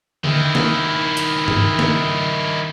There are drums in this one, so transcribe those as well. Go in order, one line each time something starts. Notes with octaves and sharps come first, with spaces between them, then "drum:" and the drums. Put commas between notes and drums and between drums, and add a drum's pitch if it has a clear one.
D#3 E4, drum: tom D3
drum: snare
drum: hi-hat
drum: tom G2
drum: snare